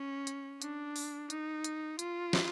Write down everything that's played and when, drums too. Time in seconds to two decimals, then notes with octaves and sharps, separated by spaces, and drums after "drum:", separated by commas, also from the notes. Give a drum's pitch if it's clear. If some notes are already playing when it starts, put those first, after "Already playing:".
Already playing: C#4
0.27 drum: hi-hat
0.62 D4, drum: hi-hat
0.96 drum: open hi-hat
1.30 D#4, drum: hi-hat
1.64 drum: hi-hat
1.99 F4, drum: hi-hat
2.33 drum: snare